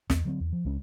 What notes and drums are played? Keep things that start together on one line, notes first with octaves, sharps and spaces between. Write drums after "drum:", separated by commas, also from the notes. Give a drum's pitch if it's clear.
E2, drum: snare
D3 F#3 A3 C4
E2
F3
C#2 G#3 C#4